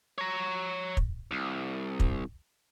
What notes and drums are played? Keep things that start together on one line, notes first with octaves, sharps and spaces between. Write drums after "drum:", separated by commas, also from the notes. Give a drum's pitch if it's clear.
C#5 A#5
drum: kick
C2
drum: kick